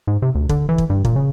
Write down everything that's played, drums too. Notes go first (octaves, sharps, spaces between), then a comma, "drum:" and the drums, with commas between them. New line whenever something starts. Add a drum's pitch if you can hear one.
G#2
C3
D2
D3, drum: kick
E3
drum: kick
G2
A#2, drum: kick
C#3